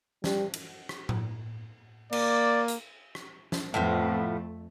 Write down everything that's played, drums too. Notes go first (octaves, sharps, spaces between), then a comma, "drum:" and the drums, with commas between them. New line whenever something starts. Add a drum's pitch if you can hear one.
G3, drum: snare
drum: cymbal
drum: rim click
drum: tom
A#3 D5, drum: cymbal
drum: hi-hat
drum: rim click
drum: snare
F2 A2 F3 A3 B3